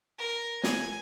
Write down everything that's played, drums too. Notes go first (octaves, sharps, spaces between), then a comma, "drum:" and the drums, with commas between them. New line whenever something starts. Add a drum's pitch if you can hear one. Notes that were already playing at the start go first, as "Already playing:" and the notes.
A#4
G#5, drum: snare